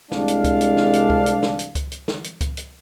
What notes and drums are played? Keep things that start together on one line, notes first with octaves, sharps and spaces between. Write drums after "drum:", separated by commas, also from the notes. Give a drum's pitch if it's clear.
C2 G#3 D4 F5, drum: snare
drum: hi-hat
drum: kick C#2, hi-hat
drum: hi-hat
drum: snare
drum: hi-hat
drum: kick C#2
drum: hi-hat
drum: snare
drum: hi-hat
drum: kick C#2, hi-hat
drum: hi-hat
drum: snare
drum: hi-hat
drum: kick C#2, hi-hat
drum: hi-hat